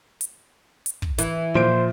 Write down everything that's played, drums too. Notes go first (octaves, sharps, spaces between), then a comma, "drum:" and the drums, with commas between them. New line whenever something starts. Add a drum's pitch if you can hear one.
drum: hi-hat
drum: hi-hat
drum: kick
E3, drum: hi-hat
A#2 F3 C5 D7